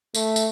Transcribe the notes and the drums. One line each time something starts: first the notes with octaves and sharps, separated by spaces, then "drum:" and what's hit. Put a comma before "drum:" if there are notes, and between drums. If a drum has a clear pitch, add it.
A3, drum: tambourine
drum: tambourine